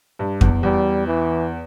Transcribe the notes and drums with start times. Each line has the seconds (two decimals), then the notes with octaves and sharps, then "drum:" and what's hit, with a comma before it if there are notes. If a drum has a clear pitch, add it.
0.19 G2
0.41 E2, drum: kick F2
0.63 E2 G3
1.07 E3